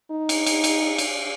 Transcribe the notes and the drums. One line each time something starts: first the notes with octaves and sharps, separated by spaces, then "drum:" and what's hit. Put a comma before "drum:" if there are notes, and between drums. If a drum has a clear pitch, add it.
D#4
drum: cymbal
drum: cymbal
drum: cymbal
drum: cymbal